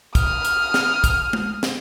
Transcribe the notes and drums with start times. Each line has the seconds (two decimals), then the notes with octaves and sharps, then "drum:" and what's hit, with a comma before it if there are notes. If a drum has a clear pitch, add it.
0.15 D#6 F6, drum: kick, hi-hat
0.45 drum: hi-hat
0.74 drum: snare
1.04 drum: kick, hi-hat
1.33 drum: tom G#3
1.63 drum: snare